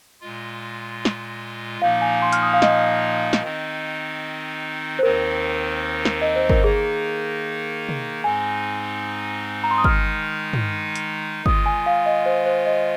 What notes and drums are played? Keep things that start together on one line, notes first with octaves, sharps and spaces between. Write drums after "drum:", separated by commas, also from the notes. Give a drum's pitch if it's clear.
A#2 G#3 F4
drum: snare
A#2 F3 A#3 D#4 F5
G#5
C6
F6, drum: hi-hat
D#6
F5
D#5, drum: snare
drum: snare
D#3 C4 D#4
C5
D#2 D#3 C4 D#4 A#4
drum: snare
D#5
C5
A#4, drum: kick
D#3 A#3 D#4 G#4
drum: tom
G#2 G#3 C4 D#4 G#5
A#5
C6
D#6
D#3 G#3 D#4 F6, drum: kick
drum: tom
drum: hi-hat
D#3 G#3 F4 D#6, drum: kick
G#5
F5
D#5
C5
C5
D#5